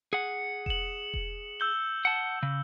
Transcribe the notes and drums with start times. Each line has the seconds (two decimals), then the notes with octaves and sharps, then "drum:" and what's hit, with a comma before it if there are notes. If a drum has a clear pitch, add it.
0.13 G#4 F#5 C#7
0.66 E7 F#7, drum: kick E1
1.14 drum: kick E1
1.60 E6 G6 G7
2.05 F#5 A5
2.43 C#3